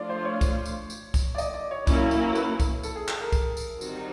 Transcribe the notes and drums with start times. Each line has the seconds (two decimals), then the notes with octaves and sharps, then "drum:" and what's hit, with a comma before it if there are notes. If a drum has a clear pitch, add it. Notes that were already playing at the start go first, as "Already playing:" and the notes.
Already playing: F3 A3 D4 F4 D5
0.09 C5
0.25 C#5
0.41 drum: kick, tambourine
0.65 drum: tambourine
0.90 drum: tambourine
1.14 drum: kick, tambourine
1.35 D5
1.38 D#5, drum: tambourine
1.54 D5
1.71 C#5
1.87 F#3 A#3 C#4 E4, drum: kick, tambourine
2.11 drum: tambourine
2.35 B4, drum: tambourine
2.60 drum: kick, tambourine
2.83 A4, drum: tambourine
2.96 G#4
3.08 A4, drum: clap
3.21 A#4
3.32 drum: kick, tambourine
3.57 drum: tambourine
3.81 D#3 G3 C4 D#4 F#4, drum: tambourine